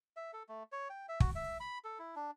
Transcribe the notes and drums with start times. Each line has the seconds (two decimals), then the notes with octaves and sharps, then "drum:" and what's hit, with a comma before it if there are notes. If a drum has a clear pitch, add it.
0.16 E5
0.33 A4
0.49 A3
0.72 C#5
0.90 G5
1.09 E5
1.20 F#4, drum: kick
1.35 E5
1.60 B5
1.84 A4
1.99 E4
2.16 D4